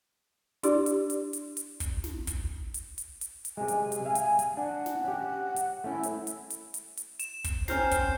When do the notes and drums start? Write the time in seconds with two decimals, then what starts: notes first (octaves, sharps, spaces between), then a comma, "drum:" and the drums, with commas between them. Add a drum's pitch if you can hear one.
0.63 D4 E4 G4 D5 C6, drum: hi-hat
0.86 drum: hi-hat
1.10 drum: hi-hat
1.33 drum: hi-hat
1.57 drum: hi-hat
1.80 drum: kick, hi-hat
2.04 drum: snare
2.27 drum: kick, hi-hat
2.74 drum: hi-hat
2.98 drum: hi-hat
3.21 drum: hi-hat
3.45 drum: hi-hat
3.57 C3 G#3 G#5
3.68 drum: hi-hat
3.92 drum: hi-hat
4.05 E5 F5
4.15 drum: hi-hat
4.39 drum: hi-hat
4.57 D4 F#5
4.86 drum: snare
5.05 C#4 G4 F#5
5.56 drum: hi-hat
5.84 A3 C#4 E4
6.03 drum: hi-hat
6.27 drum: hi-hat
6.50 drum: hi-hat
6.74 drum: hi-hat
6.97 drum: hi-hat
7.19 E7, drum: hi-hat
7.44 drum: kick, hi-hat
7.68 C4 C#4 C5 A#5 F6 G6 C7, drum: snare
7.91 drum: kick, hi-hat